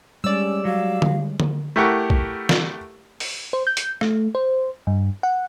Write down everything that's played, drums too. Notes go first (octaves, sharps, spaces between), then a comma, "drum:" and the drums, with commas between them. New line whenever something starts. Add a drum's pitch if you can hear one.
G3 G#3 C#4 C#5 D5 E6
F#3 F5
drum: tom D3
drum: tom D3
A3 E4 G4 A#4 F#5 C#6
drum: kick
drum: snare
drum: open hi-hat
C5
G6
drum: hi-hat
A3, drum: rim click
C5
G2
F#5